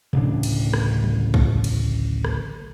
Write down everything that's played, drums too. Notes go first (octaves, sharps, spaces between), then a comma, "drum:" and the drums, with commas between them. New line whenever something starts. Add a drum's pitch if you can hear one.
D1 A1 C#3 D4, drum: tom B2
drum: cymbal
drum: rim click
drum: tom
drum: kick
drum: cymbal
drum: rim click